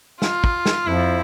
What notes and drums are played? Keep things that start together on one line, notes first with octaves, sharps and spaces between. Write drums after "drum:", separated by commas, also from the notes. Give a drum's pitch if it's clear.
F4, drum: snare
drum: kick
drum: snare
F2 F3 E4